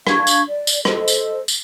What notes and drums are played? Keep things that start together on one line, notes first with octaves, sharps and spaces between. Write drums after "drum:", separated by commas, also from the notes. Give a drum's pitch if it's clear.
D4 F5 C#6 G#6, drum: rim click
drum: tambourine
D5
drum: tambourine
A4 C5 D#5, drum: rim click
drum: tambourine
drum: tambourine